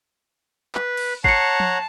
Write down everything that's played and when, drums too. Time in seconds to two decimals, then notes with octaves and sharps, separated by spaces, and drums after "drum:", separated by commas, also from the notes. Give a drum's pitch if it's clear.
0.75 B4, drum: clap
0.97 drum: cymbal
1.24 C#5 F#5 A5 A#5 C7 C#7, drum: kick
1.60 drum: tom F3